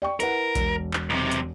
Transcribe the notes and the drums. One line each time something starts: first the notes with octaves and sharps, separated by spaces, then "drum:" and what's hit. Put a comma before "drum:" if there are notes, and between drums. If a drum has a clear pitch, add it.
D5 G5 C#6
E4 A#4 B4 F#5, drum: hi-hat
E1, drum: kick A#1, hi-hat
drum: clap
B1 C3
drum: hi-hat